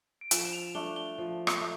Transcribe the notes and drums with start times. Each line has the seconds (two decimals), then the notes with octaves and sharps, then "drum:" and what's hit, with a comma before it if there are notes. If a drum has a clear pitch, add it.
0.21 D7
0.31 F3 E7, drum: hi-hat
0.45 E7
0.53 F7
0.75 A3 D4 G7
0.96 G7
1.18 F3
1.47 drum: rim click
1.61 A3